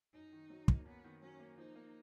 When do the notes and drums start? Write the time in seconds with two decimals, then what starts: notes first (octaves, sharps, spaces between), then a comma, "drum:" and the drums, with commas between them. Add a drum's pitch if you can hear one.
0.14 F#2 D#4
0.33 D#3
0.50 F#3
0.68 A#3, drum: kick
0.86 F#2 B3
1.04 D#3
1.23 F#3 C#4
1.40 A#3
1.58 F3 D#4
1.75 A#3